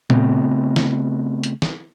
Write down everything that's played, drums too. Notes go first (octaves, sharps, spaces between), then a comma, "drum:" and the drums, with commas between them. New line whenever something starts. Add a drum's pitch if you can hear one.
C#3 A3 B3 C4, drum: tom A#2
drum: snare
drum: hi-hat
drum: snare